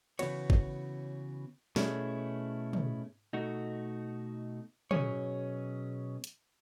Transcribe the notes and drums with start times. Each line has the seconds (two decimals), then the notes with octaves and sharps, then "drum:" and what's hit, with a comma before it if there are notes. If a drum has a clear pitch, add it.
0.19 C#3 E3 B3 F#4 C#5, drum: cymbal
0.50 drum: kick G#1
1.76 B2 A3 C#4 E4 G#4, drum: snare
2.73 drum: tom
3.33 B2 A3 D#4 F#4
4.91 B2 F#3 C#4 G#4 C#5, drum: tom
6.24 drum: hi-hat